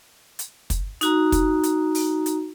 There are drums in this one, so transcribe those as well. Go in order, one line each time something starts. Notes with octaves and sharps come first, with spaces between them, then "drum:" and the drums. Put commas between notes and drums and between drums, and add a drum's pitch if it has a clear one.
drum: hi-hat
drum: kick, hi-hat
D#4 F#4 A#5, drum: hi-hat
drum: kick, hi-hat
drum: hi-hat
drum: open hi-hat
drum: hi-hat